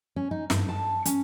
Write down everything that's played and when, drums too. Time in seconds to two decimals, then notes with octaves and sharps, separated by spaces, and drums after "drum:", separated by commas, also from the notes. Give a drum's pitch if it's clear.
0.16 C#4
0.31 D#4
0.50 G2, drum: snare
0.69 A5
1.05 C#4, drum: hi-hat